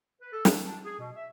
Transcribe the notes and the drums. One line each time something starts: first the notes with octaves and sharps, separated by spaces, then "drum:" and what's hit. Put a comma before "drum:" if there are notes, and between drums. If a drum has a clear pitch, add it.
B4
A4
D4, drum: snare
D4
G#4
B2
E5